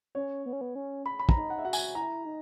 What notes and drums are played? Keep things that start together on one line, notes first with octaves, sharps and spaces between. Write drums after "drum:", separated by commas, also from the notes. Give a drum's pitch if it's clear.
C#4 C#5
B3
C#4
B3
C#4
B5
B5
A#5, drum: kick
D#4
F#5
E5
F#4 F#5
G#5, drum: tambourine
E4 A#5
D#4